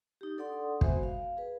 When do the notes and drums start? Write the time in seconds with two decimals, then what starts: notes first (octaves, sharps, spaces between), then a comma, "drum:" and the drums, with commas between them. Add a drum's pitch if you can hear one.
0.21 D#4 G4
0.38 D4 A4 D5 F#5 C6 D#6
0.81 G#3 B3 F#4 C5 E5 G#5, drum: kick
1.03 F5
1.37 G#4 B4